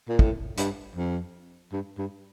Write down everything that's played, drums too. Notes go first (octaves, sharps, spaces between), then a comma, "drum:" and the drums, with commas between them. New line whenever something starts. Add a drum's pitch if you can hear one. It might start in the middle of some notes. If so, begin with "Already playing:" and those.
A#2
A2, drum: kick
G2, drum: hi-hat
F2
G2
G2